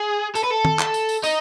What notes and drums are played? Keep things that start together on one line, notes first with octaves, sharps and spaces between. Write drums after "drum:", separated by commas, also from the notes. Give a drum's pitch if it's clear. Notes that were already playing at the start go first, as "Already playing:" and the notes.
Already playing: G#4
A4, drum: tambourine
B4
A4
drum: tom D#3
drum: clap
drum: tambourine
drum: tambourine
D#4, drum: tambourine